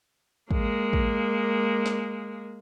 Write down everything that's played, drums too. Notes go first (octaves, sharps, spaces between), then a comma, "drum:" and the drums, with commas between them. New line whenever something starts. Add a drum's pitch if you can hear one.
G#3 A#3, drum: kick
drum: kick
drum: snare